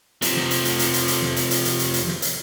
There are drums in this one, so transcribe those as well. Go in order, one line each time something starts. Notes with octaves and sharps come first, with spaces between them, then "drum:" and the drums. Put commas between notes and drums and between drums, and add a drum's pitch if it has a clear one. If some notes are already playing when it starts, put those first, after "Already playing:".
C3 F3, drum: hi-hat
drum: snare
drum: hi-hat
drum: hi-hat
drum: hi-hat
drum: hi-hat
drum: hi-hat
drum: snare
drum: hi-hat
drum: hi-hat
drum: hi-hat
drum: hi-hat
drum: hi-hat
drum: snare
drum: hi-hat